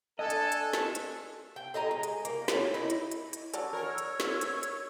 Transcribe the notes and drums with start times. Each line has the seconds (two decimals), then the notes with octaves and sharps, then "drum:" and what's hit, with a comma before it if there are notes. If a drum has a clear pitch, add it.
0.19 D4 A4 D#5 G#5
0.30 drum: hi-hat
0.52 drum: hi-hat
0.73 drum: snare
0.95 drum: hi-hat
1.56 G5
1.74 A4 D#5 G#5 A#5
1.91 G#3
2.03 drum: hi-hat
2.25 A#3, drum: hi-hat
2.48 C#4, drum: snare
2.74 D#4 E4
2.90 drum: hi-hat
3.11 drum: hi-hat
3.33 drum: hi-hat
3.54 F#3 C#4 D4 E6, drum: hi-hat
3.73 A#4 C#5
3.98 drum: hi-hat
4.20 drum: snare
4.41 drum: hi-hat
4.63 drum: hi-hat